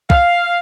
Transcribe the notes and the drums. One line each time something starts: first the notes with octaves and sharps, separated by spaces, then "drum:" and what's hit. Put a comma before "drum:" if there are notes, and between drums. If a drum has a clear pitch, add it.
F5, drum: kick